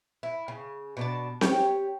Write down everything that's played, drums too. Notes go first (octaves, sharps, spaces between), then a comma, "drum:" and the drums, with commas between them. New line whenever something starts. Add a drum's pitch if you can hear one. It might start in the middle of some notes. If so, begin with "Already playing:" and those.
E4
C#3
B2 D4 A5
G4 C#5, drum: snare C4